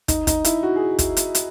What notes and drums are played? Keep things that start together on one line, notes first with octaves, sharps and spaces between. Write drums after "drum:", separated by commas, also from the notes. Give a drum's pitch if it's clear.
D#4, drum: kick, hi-hat
D#4, drum: kick, hi-hat
E4, drum: hi-hat
F#4
G#4
drum: kick, hi-hat
drum: hi-hat
drum: hi-hat